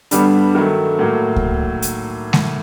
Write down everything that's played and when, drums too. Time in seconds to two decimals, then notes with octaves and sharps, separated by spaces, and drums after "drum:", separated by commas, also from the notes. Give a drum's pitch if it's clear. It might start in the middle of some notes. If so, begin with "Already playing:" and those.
0.11 G2 D3 G3 B3 D4, drum: hi-hat
0.55 D#3 F#3 A3
0.99 A2 F#3 A#3
1.36 drum: kick C#2
1.82 drum: hi-hat
2.33 drum: snare G#3